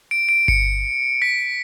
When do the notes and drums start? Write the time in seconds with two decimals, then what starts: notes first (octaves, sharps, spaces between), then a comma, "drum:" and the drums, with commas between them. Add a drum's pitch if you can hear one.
0.11 D7
0.29 D7
0.48 C#7, drum: kick G1
1.22 B6